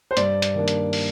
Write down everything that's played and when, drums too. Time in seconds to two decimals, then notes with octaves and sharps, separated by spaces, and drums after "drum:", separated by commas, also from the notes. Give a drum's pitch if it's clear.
0.11 C5
0.17 G2 D5, drum: hi-hat
0.42 drum: hi-hat
0.55 D#3 A#3 D4
0.68 drum: hi-hat
0.93 drum: open hi-hat